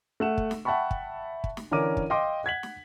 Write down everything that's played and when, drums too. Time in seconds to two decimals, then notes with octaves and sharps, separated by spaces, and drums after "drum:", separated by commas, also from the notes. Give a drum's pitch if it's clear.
0.20 A3 F#5 E7
0.38 drum: kick
0.51 drum: snare
0.65 E5 F#5 G5 A5 B5 C#6
0.91 drum: kick
1.44 drum: kick
1.57 drum: snare
1.71 D3 E3 C#4 A#4 D6 D#7
1.97 drum: kick
2.10 D#5 F5 G5 C6 D6
2.44 F#5 G#6 B6 F#7
2.63 drum: snare